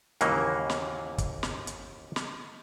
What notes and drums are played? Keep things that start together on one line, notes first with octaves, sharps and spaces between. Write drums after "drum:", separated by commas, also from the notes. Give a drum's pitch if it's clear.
D#2 G#2 C#3 E3 F#3 A#3, drum: hi-hat
drum: snare
drum: kick, hi-hat
drum: snare
drum: hi-hat
drum: snare